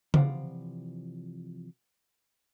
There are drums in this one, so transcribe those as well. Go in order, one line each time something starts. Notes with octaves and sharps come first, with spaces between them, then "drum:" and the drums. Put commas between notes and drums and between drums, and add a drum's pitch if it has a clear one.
C3 E3 F3 D5 F5 F#5, drum: tom C#3